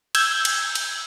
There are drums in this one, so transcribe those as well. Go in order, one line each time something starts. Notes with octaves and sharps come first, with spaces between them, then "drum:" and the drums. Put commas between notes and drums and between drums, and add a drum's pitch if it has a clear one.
E6 G6 G#6, drum: cymbal
drum: cymbal
drum: cymbal